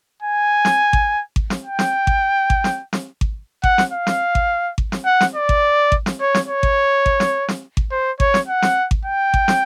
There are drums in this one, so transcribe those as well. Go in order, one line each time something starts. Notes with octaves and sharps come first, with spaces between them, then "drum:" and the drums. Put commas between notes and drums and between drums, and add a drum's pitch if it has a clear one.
G#5
drum: snare
drum: kick G#1
drum: kick G#1
drum: snare
G5
drum: snare
drum: kick G#1
drum: kick G#1
drum: snare
drum: snare
drum: kick G#1
F#5, drum: kick G#1
drum: snare
F5
drum: snare
drum: kick G#1
drum: kick G#1
drum: snare
F#5
drum: snare
D5
drum: kick G#1
drum: kick G#1
drum: snare
C#5
drum: snare
C#5
drum: kick G#1
drum: kick G#1
drum: snare
drum: snare
drum: kick G#1
C5
C#5, drum: kick G#1
drum: snare
F#5
drum: snare
drum: kick G#1
G5
drum: kick G#1
drum: snare